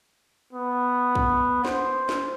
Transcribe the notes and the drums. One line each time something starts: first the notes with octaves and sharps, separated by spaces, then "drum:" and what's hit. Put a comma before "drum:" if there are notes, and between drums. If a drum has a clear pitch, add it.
B3
drum: kick
C5, drum: snare
drum: snare